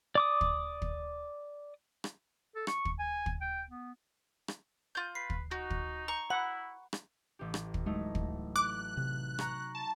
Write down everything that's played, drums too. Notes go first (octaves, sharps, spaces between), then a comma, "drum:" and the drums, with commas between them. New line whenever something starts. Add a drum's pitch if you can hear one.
D5 D6 D#6
drum: kick
drum: kick
drum: rim click
A4
C#6, drum: rim click
drum: kick
G#5
drum: kick
G5
B3
drum: rim click
F4 G6
B4 C7
drum: kick
D#4 F#4
drum: kick
A#5 C#6
E4 F#5 B5
drum: rim click
A1 G4
drum: rim click
drum: kick
F#3 G#3 A3 D#4
drum: kick
D6 F#6
C3
A#5 C#6, drum: rim click
A5